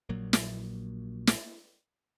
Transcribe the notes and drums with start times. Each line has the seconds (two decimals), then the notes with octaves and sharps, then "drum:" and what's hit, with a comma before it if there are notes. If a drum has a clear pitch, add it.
0.09 A#1 A#2 F#3 A#3
0.33 drum: snare
1.27 drum: snare